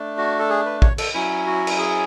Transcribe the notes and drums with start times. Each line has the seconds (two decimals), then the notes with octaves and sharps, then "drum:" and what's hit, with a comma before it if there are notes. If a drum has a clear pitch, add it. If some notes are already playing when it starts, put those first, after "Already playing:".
Already playing: A3 D4
0.18 F#4
0.39 A4
0.50 G#4
0.66 B4
0.82 C#5, drum: kick
0.98 A4, drum: cymbal
1.14 F#3 C#4 E4
1.46 F#4
1.67 drum: cymbal
1.78 G#4